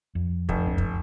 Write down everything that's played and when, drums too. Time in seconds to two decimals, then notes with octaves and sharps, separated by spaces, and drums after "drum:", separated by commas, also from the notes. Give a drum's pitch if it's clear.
0.15 F2
0.49 F1, drum: kick
0.66 C#2 F#2 C#4
0.78 drum: kick